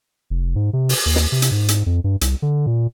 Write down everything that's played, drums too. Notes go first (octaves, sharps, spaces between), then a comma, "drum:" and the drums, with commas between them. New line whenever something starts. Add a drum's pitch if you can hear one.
F1
G#2
C3
drum: open hi-hat
D#2
drum: snare
C3
drum: hi-hat
G#2
drum: hi-hat
F2
G2
C2, drum: hi-hat
D3
A#2